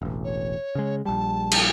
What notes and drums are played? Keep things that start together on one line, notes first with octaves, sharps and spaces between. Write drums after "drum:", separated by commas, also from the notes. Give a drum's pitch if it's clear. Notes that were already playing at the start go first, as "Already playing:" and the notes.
E1 A1
C#5
C#3 G#3
A#1 G3 A5
drum: cymbal